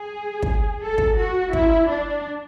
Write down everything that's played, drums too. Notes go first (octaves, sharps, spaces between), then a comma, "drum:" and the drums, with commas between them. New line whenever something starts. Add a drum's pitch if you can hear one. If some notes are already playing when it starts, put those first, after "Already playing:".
Already playing: G#4
drum: kick
A4
drum: kick
F#4
E4, drum: kick
D4